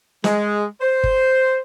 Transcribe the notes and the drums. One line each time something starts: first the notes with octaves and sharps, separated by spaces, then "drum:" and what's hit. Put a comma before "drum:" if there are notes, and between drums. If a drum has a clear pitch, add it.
G#3, drum: snare
C5
drum: kick G1